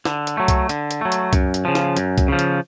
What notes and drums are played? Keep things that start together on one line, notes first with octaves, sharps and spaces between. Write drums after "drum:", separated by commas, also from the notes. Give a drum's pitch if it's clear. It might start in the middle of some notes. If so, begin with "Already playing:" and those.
D3, drum: snare
drum: hi-hat
F#3 A3
drum: kick C2, hi-hat
D3, drum: hi-hat
drum: hi-hat
F#3 A3
drum: hi-hat
F#2, drum: kick C2, hi-hat
drum: hi-hat
C#3 F3
drum: snare
F#2, drum: hi-hat
drum: kick C2, hi-hat
C#3 F3
drum: hi-hat